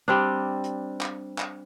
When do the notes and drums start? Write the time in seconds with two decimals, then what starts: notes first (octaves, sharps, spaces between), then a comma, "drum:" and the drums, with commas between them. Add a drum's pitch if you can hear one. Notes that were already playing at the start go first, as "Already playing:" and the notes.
0.08 G3 C4 D4
0.64 drum: hi-hat
1.01 drum: clap
1.38 drum: clap